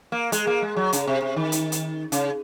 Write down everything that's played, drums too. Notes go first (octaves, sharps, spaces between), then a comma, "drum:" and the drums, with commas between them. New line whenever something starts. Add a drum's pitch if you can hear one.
A#3
G#3, drum: hi-hat
A#3
G#3
F#3
C#3, drum: hi-hat
C3
C3
D#3
drum: hi-hat
drum: hi-hat
C#3, drum: hi-hat